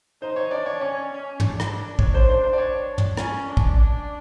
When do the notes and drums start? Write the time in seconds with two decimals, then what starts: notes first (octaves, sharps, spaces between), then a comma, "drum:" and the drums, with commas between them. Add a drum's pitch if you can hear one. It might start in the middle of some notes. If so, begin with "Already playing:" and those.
0.22 D#4 C5
0.36 C#5
0.51 D4 D5
0.66 C#5
0.81 C#4 C#5
1.11 C#4
1.40 D4, drum: tom
1.60 drum: rim click
1.99 C#5, drum: kick
2.14 C5
2.29 C5
2.44 C5
2.53 D5
2.58 C#5
2.98 drum: tom
3.17 C#4, drum: rim click
3.48 D4
3.57 drum: kick
3.77 D4